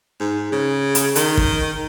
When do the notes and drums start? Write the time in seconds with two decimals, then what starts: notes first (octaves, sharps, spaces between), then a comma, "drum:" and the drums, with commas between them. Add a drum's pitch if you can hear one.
0.20 G#2
0.52 C#3
0.95 drum: hi-hat
1.15 D#3, drum: hi-hat
1.37 drum: kick